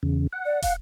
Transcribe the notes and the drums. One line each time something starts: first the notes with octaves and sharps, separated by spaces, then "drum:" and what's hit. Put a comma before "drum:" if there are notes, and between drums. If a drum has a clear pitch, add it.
E2 C#3
F#5
D5
F5, drum: kick, hi-hat